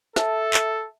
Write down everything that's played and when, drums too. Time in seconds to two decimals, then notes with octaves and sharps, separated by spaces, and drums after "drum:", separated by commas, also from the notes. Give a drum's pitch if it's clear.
0.16 A4 E5 A5, drum: snare
0.54 drum: clap